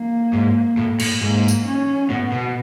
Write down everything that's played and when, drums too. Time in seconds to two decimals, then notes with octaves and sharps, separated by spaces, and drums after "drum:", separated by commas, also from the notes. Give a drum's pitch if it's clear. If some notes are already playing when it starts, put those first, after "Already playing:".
Already playing: A#3
0.33 G#2
0.77 A2
1.00 A2, drum: cymbal
1.21 G#2 A#3
1.48 drum: tambourine
1.66 C#4
2.10 A2 B3
2.32 B2